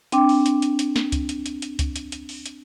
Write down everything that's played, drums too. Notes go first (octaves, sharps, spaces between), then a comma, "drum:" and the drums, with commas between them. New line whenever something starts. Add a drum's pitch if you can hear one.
C4 D4 G5 D6, drum: hi-hat
drum: open hi-hat
drum: hi-hat
drum: hi-hat
drum: hi-hat
drum: snare
drum: kick C#2, hi-hat
drum: hi-hat
drum: hi-hat
drum: hi-hat
drum: kick C#2, hi-hat
drum: hi-hat
drum: hi-hat
drum: open hi-hat
drum: hi-hat